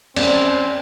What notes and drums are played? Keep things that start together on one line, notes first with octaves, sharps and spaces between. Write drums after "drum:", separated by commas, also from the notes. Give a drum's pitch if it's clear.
C4 C#4 D5, drum: cymbal